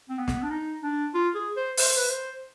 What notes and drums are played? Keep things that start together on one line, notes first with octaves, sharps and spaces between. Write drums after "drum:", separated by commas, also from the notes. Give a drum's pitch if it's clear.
C4
B3
drum: snare
D4
D#4
D4
F4
G#4
C5
C5, drum: open hi-hat
B4
C5